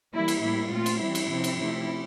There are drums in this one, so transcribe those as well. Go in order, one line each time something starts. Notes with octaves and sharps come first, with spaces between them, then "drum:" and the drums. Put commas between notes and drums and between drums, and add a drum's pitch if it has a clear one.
E3 G3 A#3 E4
drum: cymbal
A2 G3 A#3 E4
A#2 A3 C4 F4
drum: cymbal
E3 G3 C4 E4
drum: cymbal
C3 F3 C4
drum: cymbal
C3 F3 A3 C4 E4